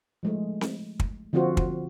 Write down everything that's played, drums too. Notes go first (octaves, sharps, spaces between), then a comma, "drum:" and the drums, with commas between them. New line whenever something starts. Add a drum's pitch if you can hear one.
F3 G#3 A3
drum: snare C4
drum: kick
D3 F3 C4 F4 F#4 C5
drum: kick